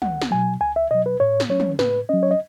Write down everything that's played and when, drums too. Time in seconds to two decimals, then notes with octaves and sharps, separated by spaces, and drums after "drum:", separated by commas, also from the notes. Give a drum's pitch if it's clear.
0.02 C#2 F#5, drum: tom
0.22 drum: snare
0.31 B2 F#3 G#5
0.61 C#2 G#5
0.76 E5
0.91 B2 F#3 D#5
1.06 B4
1.20 A2 C#5
1.40 drum: snare
1.49 F#3 C#4 C#5
1.60 drum: tom
1.79 A2 B4, drum: snare
2.09 F#3 C#4 D#5
2.23 C#5
2.31 D#5